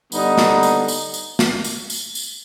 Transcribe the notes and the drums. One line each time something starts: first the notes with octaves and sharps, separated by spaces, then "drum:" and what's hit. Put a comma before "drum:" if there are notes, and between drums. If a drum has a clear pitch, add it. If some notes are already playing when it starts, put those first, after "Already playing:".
D3 G3 B3 D#4, drum: tambourine
drum: snare
drum: tambourine
drum: tambourine
drum: tambourine
drum: snare
drum: tambourine
drum: tambourine
drum: tambourine